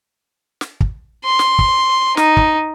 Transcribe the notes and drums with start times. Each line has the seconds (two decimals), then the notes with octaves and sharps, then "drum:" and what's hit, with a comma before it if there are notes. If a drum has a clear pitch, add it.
0.61 drum: snare
0.80 drum: kick
1.25 C6
1.39 drum: snare
1.59 drum: kick
2.17 D#4, drum: snare
2.37 drum: kick